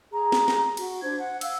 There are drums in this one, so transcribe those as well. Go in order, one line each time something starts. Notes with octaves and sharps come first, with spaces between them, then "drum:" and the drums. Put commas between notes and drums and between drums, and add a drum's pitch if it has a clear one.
G#4 A#5
drum: snare
drum: snare
F#4, drum: cymbal
D4 C5 G#6
F#5
F5 F#5 E6, drum: cymbal